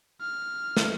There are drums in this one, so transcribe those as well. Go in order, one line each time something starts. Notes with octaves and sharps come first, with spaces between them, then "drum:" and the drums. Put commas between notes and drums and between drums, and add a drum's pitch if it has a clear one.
F6
drum: snare